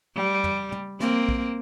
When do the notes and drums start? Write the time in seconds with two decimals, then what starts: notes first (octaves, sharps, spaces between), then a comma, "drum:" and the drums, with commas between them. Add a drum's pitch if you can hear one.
0.15 G3
0.44 drum: tom
0.72 drum: tom
1.00 A#3 C4, drum: snare
1.29 drum: kick A#1